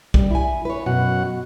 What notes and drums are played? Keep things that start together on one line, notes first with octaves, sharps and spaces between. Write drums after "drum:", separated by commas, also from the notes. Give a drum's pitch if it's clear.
G3, drum: kick B1
E4 G#5
B4 C#5
F#2 B2 F#4 F#5